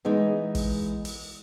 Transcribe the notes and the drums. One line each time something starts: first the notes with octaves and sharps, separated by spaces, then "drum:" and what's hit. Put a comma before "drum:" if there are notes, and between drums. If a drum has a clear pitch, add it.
E3 G#3 B3 D#4
drum: kick, open hi-hat
drum: open hi-hat